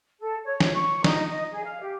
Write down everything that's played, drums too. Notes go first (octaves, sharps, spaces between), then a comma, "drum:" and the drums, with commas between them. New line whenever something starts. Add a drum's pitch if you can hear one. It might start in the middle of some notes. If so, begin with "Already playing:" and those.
A4
C#5
drum: snare
C#6
D#4, drum: snare
D#5
G#4
F5
G4